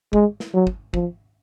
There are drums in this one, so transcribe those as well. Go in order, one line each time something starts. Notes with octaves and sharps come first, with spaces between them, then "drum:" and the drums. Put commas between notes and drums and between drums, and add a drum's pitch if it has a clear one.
G#3, drum: kick
drum: snare
F#3
drum: kick
F3, drum: kick